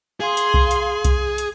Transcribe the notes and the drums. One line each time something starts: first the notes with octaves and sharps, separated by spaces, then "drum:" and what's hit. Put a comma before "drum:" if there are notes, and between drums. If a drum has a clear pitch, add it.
G#4 F5 C6
drum: hi-hat
drum: kick B1
drum: hi-hat
drum: kick B1, hi-hat
drum: hi-hat